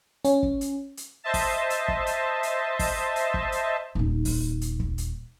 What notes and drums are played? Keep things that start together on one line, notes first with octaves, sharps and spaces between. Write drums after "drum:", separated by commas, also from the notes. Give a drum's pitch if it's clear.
C#4, drum: hi-hat
drum: kick
drum: hi-hat
drum: hi-hat
C5 D#5 E5 A5
drum: kick, open hi-hat
drum: hi-hat
drum: kick
drum: hi-hat
drum: hi-hat
drum: kick, open hi-hat
drum: hi-hat
drum: kick
drum: hi-hat
D#1 D#4
drum: kick, open hi-hat
drum: hi-hat
drum: kick
drum: hi-hat